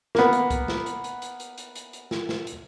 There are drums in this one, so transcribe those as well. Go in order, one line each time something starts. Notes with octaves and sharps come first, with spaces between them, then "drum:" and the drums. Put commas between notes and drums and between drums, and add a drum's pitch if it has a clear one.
A#3 B3, drum: snare
drum: hi-hat
drum: kick, hi-hat
drum: snare
drum: hi-hat
drum: hi-hat
drum: hi-hat
drum: hi-hat
drum: hi-hat
drum: hi-hat
drum: hi-hat
drum: snare
drum: snare
drum: hi-hat